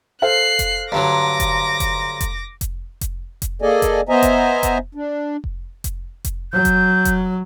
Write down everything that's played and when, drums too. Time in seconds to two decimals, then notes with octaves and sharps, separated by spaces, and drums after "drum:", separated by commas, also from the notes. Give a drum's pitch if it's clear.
0.22 A4 C5 F5 F#6 C7
0.59 drum: kick F1, hi-hat
0.92 G2 D3 F#3 A#5 C6 D6 A#6
1.40 drum: kick F1, hi-hat
1.80 drum: kick F1, hi-hat
2.21 drum: kick F1, hi-hat
2.61 drum: kick F1, hi-hat
3.01 drum: kick F1, hi-hat
3.42 drum: kick F1, hi-hat
3.62 A#3 G#4 A4 D5 D#5 G#5
3.82 drum: kick F1, hi-hat
4.09 B3 C5 D#5 E5 G#5 A#5
4.23 drum: kick F1, hi-hat
4.63 drum: kick F1, hi-hat
4.95 D4
5.44 drum: kick F1
5.84 drum: kick F1, hi-hat
6.24 drum: kick F1, hi-hat
6.53 F#3 G6
6.65 drum: kick F1, hi-hat
7.05 drum: kick F1, hi-hat